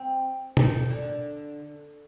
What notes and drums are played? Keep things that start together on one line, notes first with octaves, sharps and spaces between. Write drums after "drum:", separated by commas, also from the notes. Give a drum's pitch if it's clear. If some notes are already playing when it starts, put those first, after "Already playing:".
Already playing: C4
D#3, drum: tom B2
D3